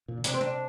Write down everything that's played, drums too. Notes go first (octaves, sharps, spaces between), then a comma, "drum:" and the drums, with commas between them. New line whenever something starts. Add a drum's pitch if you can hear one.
A#2
D3
C3 D4, drum: hi-hat
C4
D4